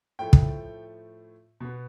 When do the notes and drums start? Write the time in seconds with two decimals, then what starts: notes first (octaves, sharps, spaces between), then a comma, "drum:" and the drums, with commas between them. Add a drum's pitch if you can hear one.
0.19 A2 F3 A3 G5
0.33 drum: kick
1.60 B2 B3